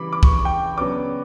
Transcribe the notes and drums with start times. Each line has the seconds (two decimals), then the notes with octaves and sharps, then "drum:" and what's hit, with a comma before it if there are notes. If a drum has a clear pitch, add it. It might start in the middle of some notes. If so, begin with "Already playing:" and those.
Already playing: C#3 E3 G3 B5 D6
0.13 D6
0.23 C#6, drum: kick
0.45 G5
0.77 C#3 F#3 B3 D4 D6